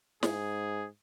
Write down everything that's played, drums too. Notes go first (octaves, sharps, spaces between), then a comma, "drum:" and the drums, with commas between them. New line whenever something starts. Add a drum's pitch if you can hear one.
G#2 G#4, drum: snare